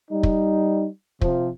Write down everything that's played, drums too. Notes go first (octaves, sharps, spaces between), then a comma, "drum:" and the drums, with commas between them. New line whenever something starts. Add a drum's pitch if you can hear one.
G3 D#4
drum: kick
C3 F3, drum: kick